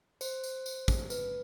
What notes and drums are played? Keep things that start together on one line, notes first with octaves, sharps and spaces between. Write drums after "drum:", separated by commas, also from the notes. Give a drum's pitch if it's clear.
C5, drum: tambourine
drum: tambourine
drum: tambourine
drum: kick, tambourine
B4, drum: tambourine